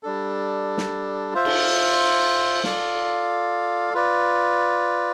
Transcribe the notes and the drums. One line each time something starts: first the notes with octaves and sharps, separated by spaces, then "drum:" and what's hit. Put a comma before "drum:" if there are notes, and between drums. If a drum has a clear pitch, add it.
G3 D4 A4
drum: snare
F4 C5 E5
drum: cymbal
F4 A4 D5 F5, drum: snare
F4 B4 D5